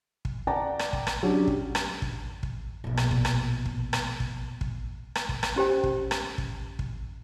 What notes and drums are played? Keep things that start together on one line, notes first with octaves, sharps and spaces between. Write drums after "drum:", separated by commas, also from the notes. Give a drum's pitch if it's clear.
drum: kick
D5 F#5 G5 A5 A#5
drum: rim click
drum: kick
drum: rim click
F#3 C#4 D4 G4
drum: kick
drum: rim click
drum: kick
drum: kick
A#1 B2
drum: rim click
drum: kick
drum: rim click
drum: kick
drum: rim click
drum: kick
drum: kick
drum: rim click
drum: kick
drum: rim click
C#4 G4 C5 G5
drum: kick
drum: rim click
drum: kick
drum: kick